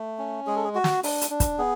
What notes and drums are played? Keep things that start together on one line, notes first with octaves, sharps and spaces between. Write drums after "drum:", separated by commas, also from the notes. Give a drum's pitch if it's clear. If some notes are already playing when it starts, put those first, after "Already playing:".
Already playing: A3
C#4
G#3 G#4
A4
G#4
F#4
drum: snare
D4, drum: open hi-hat
drum: hi-hat
D4
drum: kick, hi-hat
B3 G#4